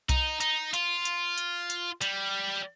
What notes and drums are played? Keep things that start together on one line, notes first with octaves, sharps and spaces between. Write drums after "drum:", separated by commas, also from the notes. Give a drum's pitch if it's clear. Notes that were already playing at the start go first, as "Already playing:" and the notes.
D#4, drum: kick B1, hi-hat
D#4, drum: hi-hat
F4, drum: hi-hat
drum: hi-hat
drum: hi-hat
drum: hi-hat
G3, drum: hi-hat